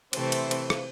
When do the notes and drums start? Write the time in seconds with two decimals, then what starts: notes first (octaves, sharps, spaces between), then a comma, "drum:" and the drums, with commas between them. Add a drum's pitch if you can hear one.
0.13 C3 E3 A3 C4 C5, drum: cymbal
0.32 drum: cymbal
0.51 drum: cymbal
0.70 drum: rim click